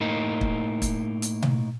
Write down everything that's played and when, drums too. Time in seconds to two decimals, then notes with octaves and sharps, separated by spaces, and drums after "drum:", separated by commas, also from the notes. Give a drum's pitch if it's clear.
0.01 A2 A#3 D#4
0.41 drum: kick
0.82 drum: kick, hi-hat
1.22 drum: hi-hat
1.42 drum: tom B2